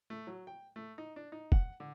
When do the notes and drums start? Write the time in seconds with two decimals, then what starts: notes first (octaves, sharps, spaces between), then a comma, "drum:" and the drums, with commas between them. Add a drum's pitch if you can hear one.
0.10 A3
0.27 F#3
0.47 G5
0.76 A3
0.98 D#4
1.16 D4
1.32 D#4
1.52 F#5, drum: kick
1.80 D3